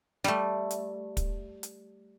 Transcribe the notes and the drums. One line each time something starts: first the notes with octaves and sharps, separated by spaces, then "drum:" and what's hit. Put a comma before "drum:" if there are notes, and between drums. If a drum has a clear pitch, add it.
G3 A3, drum: snare
drum: hi-hat
drum: kick, hi-hat
drum: hi-hat